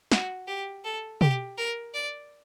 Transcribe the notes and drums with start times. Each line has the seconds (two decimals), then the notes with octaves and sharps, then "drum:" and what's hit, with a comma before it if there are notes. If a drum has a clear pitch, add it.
0.12 F#4, drum: snare
0.48 G4
0.84 A4
1.21 G4, drum: tom
1.57 A#4
1.94 D5